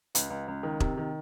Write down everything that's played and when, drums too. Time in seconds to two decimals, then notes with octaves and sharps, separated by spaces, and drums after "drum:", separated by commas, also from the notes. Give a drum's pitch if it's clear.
0.15 C#2, drum: hi-hat
0.30 C#2
0.48 C#2
0.63 D#3
0.80 C3, drum: kick E1
0.98 D#3